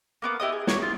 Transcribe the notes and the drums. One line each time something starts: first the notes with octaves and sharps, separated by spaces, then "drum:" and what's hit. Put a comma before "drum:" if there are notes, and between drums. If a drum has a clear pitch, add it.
A#3 B3 D6
E4 G4 D#5 D#6
G#4
F#4 C#5 C#6 D6, drum: snare
D#4 F4